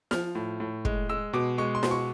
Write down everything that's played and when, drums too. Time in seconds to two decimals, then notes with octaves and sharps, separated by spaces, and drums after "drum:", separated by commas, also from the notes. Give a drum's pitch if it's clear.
0.11 F3 F6, drum: snare
0.35 A2
0.60 A2
0.85 G#3, drum: kick
1.09 G#3 E6
1.33 B2 D6
1.58 G#3 C#6
1.75 C6
1.83 B2, drum: snare
1.91 C#6